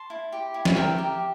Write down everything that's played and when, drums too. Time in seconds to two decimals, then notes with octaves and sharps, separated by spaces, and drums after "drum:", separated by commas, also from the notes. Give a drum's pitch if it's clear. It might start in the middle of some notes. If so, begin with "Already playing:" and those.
Already playing: A5 C6
0.10 E4
0.32 G4
0.54 E4
0.65 drum: snare
0.76 A#4 E5 G5
0.98 G4